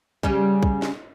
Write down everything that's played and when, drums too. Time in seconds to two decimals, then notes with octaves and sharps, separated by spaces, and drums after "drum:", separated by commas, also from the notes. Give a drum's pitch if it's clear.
0.23 C#3 G3 C#4, drum: kick
0.63 drum: kick
0.82 drum: snare